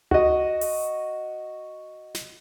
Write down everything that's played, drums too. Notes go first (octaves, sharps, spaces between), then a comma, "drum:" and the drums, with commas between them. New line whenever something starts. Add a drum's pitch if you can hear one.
F#4 D#5, drum: tom C#2
drum: open hi-hat
drum: snare